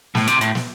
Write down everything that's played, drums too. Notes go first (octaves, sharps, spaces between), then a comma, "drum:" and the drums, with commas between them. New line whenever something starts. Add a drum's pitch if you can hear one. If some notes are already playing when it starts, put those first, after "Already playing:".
A2, drum: snare
C3, drum: hi-hat
A2, drum: hi-hat
drum: snare